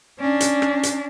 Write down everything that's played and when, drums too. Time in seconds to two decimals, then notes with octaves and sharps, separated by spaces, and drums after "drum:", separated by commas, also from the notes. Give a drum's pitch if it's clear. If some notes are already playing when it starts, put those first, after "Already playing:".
0.19 C#4 D4
0.40 drum: hi-hat
0.62 drum: rim click
0.83 drum: hi-hat